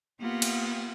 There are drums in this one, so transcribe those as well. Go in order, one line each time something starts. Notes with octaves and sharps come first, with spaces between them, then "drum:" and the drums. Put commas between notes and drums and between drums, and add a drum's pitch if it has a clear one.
A#3 B3 F4 G4 F#5
drum: cymbal